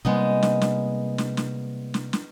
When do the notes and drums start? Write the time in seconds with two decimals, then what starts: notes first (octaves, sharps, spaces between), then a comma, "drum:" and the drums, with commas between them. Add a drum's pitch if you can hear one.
0.05 C3 G3 G#3 A#3 B3 D#4
0.43 drum: snare
0.61 drum: snare
1.18 drum: snare
1.37 drum: snare
1.94 drum: snare
2.13 drum: snare